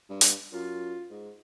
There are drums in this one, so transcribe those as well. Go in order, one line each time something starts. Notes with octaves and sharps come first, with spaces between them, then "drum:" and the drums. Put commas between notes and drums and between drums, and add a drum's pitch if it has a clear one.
G2
drum: hi-hat
F#2 F4
G#2